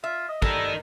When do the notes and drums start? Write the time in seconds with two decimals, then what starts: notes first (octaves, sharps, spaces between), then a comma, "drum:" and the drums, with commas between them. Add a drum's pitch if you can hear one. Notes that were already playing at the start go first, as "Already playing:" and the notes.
0.04 F4 E5
0.29 D#5
0.42 G3 D#4 E4 A4 A#4, drum: kick